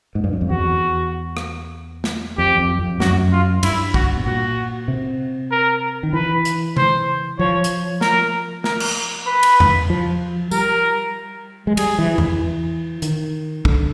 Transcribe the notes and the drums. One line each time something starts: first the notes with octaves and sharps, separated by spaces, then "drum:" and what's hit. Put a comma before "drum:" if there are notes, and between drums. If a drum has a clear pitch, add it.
G#2
G2
F#2
F2
E2 F#4
drum: rim click
drum: snare
F2 G4
F2
F2
F#2 F#4, drum: snare
F4
G2 E4, drum: cymbal
F#4, drum: kick
B2
A#2 F#4
C3
A#4
D#3
E3 B4
drum: hi-hat
C5, drum: tom C3
F3 C#5
drum: hi-hat
A#4, drum: snare
A#4, drum: snare
drum: cymbal
B4
drum: cymbal
drum: tom E2
F3
G3 A#4, drum: tambourine
G#3
G3 G#4, drum: cymbal
E3
E3, drum: tom E2
E3
D#3, drum: hi-hat
D3, drum: kick